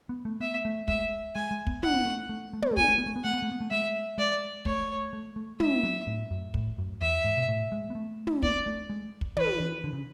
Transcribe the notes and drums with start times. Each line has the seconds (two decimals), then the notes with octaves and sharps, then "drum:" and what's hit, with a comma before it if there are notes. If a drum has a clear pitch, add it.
0.09 B3
0.25 A3
0.40 B3 E5
0.65 A3
0.88 G#3 E5, drum: kick
1.35 G#3 G#5
1.51 G#3
1.67 B3, drum: kick
1.83 F#5, drum: tom
1.94 B3
2.06 A3
2.29 A3
2.53 A3
2.62 B3, drum: tom
2.71 A3
2.77 B3 G#5, drum: kick
2.88 A3
2.98 B3
3.06 A3
3.16 B3
3.24 A3 F#5
3.33 B3
3.43 A3
3.52 B3
3.61 A3
3.71 G#3 E5
4.18 G#3 D5
4.65 A3 C#5, drum: kick
5.13 A3
5.36 A3
5.60 G#3 E5, drum: tom
5.83 F#3
6.07 A2
6.31 F#2
6.54 A2, drum: kick
6.78 F#2
7.01 E2 E5
7.25 G#2
7.37 B2
7.48 A2
7.72 G#3
7.90 B3
7.95 A3
8.27 drum: tom
8.43 D5, drum: kick
8.66 A3
8.90 G#3
9.21 drum: kick
9.37 E3 B4, drum: tom
9.60 E3
9.84 D3
9.93 C#3